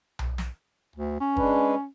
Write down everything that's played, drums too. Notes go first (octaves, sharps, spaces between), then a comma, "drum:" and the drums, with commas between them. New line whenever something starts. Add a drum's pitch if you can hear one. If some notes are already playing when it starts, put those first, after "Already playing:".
drum: tom B1
drum: snare
D2
C#4
G#3 D4 B4, drum: kick